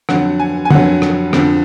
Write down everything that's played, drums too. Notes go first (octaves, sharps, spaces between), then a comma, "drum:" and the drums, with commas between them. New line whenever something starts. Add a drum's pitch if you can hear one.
F2 D3 F#3 F#5, drum: rim click
G#5
G#5
F2 D3 F#3 F#5, drum: tom
drum: rim click
F2 D3 F3, drum: rim click